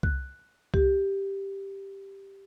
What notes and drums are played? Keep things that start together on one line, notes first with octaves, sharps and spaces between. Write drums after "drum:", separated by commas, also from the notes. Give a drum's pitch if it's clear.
F#6, drum: kick C2
G4, drum: kick C2